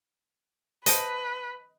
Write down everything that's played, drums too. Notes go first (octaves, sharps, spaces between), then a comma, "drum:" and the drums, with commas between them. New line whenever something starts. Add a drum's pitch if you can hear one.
B4 C5 D#5 A5, drum: hi-hat